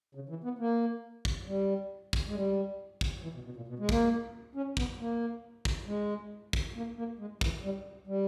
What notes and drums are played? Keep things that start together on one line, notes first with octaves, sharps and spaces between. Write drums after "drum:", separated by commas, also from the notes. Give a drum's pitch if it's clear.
C#3
E3
B3
A#3
drum: kick
G3
drum: kick
G#3
G3
drum: kick
E3
B2
B2
A#2
B2
G#3
A#3, drum: kick
C#4
B3, drum: kick
A#3
drum: kick
G#3
drum: kick
A#3
A#3
G#3
E3, drum: kick
G3
G3